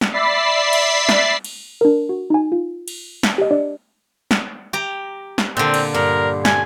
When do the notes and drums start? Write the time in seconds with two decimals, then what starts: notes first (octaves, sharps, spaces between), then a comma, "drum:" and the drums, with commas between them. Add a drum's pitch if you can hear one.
0.01 drum: snare
0.12 D5 E5 B5 A6 B6 C7
0.73 drum: cymbal
1.09 drum: snare
1.44 drum: cymbal
1.81 D4 A#4
2.09 F#4
2.30 D#4 G#5
2.52 F4
2.88 drum: cymbal
3.23 drum: snare
3.38 G4 D#5
3.51 D4 D5
4.31 drum: snare
4.73 G4 A#5
5.38 drum: snare
5.57 A#2 D3 C4
5.74 drum: cymbal
5.94 G2 A#4
6.45 G#5, drum: snare